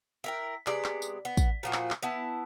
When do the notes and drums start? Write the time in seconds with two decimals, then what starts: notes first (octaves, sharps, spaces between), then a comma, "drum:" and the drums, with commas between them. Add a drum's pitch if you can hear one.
0.24 E4 A#4 G5
0.67 C3 G#3 B3 D5, drum: clap
0.84 drum: clap
1.02 drum: tambourine
1.25 B3
1.37 drum: kick, tambourine
1.63 A#2 F3 F#4
1.73 drum: clap
1.91 drum: clap
2.03 B3 E4 A5